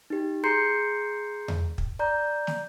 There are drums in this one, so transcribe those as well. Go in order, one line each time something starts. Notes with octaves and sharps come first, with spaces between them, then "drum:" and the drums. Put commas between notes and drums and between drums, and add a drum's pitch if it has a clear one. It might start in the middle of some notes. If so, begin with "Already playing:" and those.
D#4 G4
G#4 A#5 C6 G6 C7 C#7
drum: tom E2
drum: kick
D5 A#5 G6
drum: snare